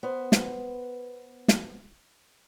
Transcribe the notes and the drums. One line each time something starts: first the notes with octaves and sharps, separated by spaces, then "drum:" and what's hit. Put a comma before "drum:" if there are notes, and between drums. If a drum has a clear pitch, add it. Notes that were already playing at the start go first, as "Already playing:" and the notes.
B3 B4 C5
drum: snare
drum: snare